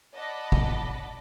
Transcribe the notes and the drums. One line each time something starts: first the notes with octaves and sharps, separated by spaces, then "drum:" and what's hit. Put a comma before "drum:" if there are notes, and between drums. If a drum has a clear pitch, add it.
D5 D#5 F#5 A5 B5 D6
drum: kick